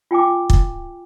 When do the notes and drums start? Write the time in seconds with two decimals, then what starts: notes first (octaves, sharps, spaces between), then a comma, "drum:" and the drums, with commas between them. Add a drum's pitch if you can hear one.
0.11 F4 G5 G#5 D6
0.50 drum: kick